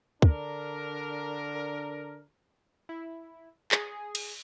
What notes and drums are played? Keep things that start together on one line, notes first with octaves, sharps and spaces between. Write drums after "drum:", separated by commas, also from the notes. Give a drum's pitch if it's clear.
D3 D4 A#4, drum: kick
E4
G#4, drum: clap
drum: cymbal